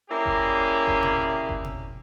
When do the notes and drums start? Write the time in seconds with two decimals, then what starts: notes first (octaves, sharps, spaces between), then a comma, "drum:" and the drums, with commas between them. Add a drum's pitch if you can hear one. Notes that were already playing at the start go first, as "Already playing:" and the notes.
0.10 A#3 C#4 D4 E4 G4 G#4
0.26 drum: kick F#1
0.87 drum: kick F#1
1.03 drum: tom A#2
1.49 drum: kick F#1
1.64 drum: tom A#2